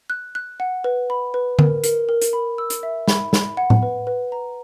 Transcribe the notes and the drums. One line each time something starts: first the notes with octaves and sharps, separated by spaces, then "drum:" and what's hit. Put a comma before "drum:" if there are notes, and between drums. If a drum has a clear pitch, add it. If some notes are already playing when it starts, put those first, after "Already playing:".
F#6
F#6
F#5
B4
B5
B4
A#4, drum: tom D3
A#4, drum: hi-hat
A#4
drum: hi-hat
B5
E6
drum: hi-hat
E5
B5, drum: snare
B5, drum: snare
F#5
drum: tom A2
B4
B4
A#5